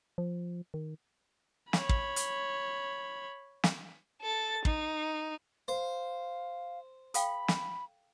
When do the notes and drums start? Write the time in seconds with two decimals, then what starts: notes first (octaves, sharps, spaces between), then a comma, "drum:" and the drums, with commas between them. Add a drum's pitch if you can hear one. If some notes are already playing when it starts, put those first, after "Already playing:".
0.18 F3
0.74 D#3
1.73 C#5 B5, drum: snare
1.89 drum: kick
2.16 drum: hi-hat
3.64 drum: snare
4.22 A4 A6
4.65 D#4, drum: kick
5.68 C5 F5
7.14 A4 F5 G5 B5, drum: hi-hat
7.48 drum: snare